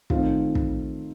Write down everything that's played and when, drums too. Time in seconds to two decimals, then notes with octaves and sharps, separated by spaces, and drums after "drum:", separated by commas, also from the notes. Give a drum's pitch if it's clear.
0.10 D#3 A3 C4 F4, drum: kick
0.55 drum: kick